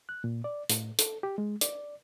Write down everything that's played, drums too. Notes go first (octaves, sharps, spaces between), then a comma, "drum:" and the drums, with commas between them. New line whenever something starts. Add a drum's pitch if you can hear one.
F#6
A#2
D5
A2, drum: hi-hat
A4, drum: hi-hat
G4
G#3
D5, drum: hi-hat